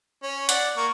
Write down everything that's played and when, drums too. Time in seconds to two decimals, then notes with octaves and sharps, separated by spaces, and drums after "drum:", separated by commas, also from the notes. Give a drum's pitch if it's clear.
0.23 C#4
0.49 D5 F#5, drum: hi-hat
0.77 A#3 C#6